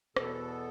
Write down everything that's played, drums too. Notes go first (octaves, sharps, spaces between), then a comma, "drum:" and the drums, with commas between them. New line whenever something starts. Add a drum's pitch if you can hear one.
E2 B2 B3 A4, drum: rim click